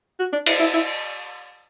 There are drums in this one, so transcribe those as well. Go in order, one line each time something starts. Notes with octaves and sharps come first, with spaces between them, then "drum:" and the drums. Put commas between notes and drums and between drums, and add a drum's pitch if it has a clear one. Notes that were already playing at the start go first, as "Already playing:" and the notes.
F#4
D4
E4, drum: cymbal
E4
E4